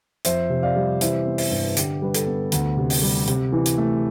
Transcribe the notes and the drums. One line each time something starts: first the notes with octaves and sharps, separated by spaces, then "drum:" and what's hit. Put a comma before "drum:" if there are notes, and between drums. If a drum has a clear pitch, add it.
F2 C5 E5, drum: hi-hat
C3
D5 F5
G3
E3 C5 E5, drum: hi-hat
B3
C5 E5, drum: open hi-hat
G2
D3 G4, drum: hi-hat
G3 B4
A4, drum: hi-hat
B3
D2, drum: hi-hat
C3
drum: open hi-hat
G3
C3, drum: hi-hat
E3
drum: hi-hat
A3